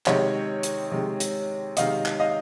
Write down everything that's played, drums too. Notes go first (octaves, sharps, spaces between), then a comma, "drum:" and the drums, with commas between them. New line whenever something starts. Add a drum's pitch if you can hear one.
C3 D#3 G#3 C#5 D#5, drum: clap
drum: hi-hat
C3 D#3 G#3
drum: hi-hat
C3 D#3 G#3 D#5 F5, drum: hi-hat
drum: clap
D#5 F5